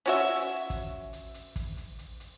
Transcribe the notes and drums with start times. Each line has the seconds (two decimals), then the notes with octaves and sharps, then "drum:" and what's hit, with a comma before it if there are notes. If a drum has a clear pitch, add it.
0.06 C#4 F#4 E5, drum: hi-hat
0.27 drum: hi-hat
0.49 drum: hi-hat
0.70 drum: kick, hi-hat
1.13 drum: hi-hat
1.34 drum: hi-hat
1.56 drum: kick, hi-hat
1.77 drum: hi-hat
1.99 drum: hi-hat
2.20 drum: hi-hat